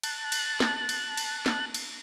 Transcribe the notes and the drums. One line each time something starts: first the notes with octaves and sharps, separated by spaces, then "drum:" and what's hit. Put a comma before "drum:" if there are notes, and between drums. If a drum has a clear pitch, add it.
A5 F#6, drum: cymbal
drum: cymbal
drum: snare
drum: cymbal
drum: cymbal
drum: snare
drum: cymbal